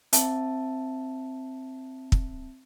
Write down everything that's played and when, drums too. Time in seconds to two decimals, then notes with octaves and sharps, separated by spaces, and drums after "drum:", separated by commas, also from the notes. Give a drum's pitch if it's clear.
0.13 C4 E5 A5, drum: hi-hat
2.12 drum: kick